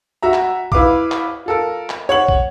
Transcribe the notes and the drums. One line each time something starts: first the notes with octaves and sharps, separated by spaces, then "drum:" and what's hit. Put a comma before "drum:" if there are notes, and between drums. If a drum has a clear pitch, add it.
F#4 E5 A#5
drum: clap
E4 B4 F5 D6, drum: kick
drum: clap
F4 A4 A#4
drum: clap
C#5 F#5 F#7
drum: kick